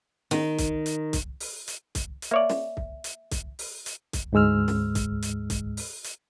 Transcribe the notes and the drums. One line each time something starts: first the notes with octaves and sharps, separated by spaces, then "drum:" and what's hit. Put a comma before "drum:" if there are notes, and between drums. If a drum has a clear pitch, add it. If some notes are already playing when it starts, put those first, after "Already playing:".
D#3, drum: snare
drum: kick C2, hi-hat
drum: hi-hat
drum: kick C2, hi-hat
drum: open hi-hat
drum: hi-hat
drum: kick C2, hi-hat
drum: hi-hat
A#3 C#5 D5 E5
drum: snare
drum: kick C2
drum: hi-hat
drum: kick C2, hi-hat
drum: open hi-hat
drum: hi-hat
drum: kick C2, hi-hat
D2 G#2 G#3 E6 F6
drum: snare
drum: kick C2, hi-hat
drum: hi-hat
drum: kick C2, hi-hat
drum: open hi-hat
drum: hi-hat